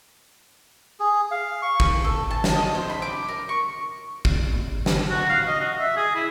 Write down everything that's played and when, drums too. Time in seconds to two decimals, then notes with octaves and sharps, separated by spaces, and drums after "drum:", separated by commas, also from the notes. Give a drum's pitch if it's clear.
1.00 G#4
1.31 F5
1.62 C#6
1.80 drum: kick
2.05 A4
2.31 A5
2.44 A5, drum: snare
2.56 D#5
2.75 C5
2.90 B5
3.02 D6
3.29 A#4
3.49 C#6
4.25 drum: kick
4.86 drum: snare
5.10 F#4
5.29 F5
5.47 D#5
5.61 F#4
5.79 E5
5.97 G#4
6.15 E4